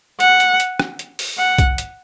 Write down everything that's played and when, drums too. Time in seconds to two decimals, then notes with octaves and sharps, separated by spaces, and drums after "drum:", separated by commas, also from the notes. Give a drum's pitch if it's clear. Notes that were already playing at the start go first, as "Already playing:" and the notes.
0.20 F#5, drum: hi-hat
0.40 drum: hi-hat
0.60 drum: hi-hat
0.80 drum: rim click
0.99 drum: hi-hat
1.19 drum: open hi-hat
1.38 F#5
1.59 drum: kick C2, hi-hat
1.78 drum: hi-hat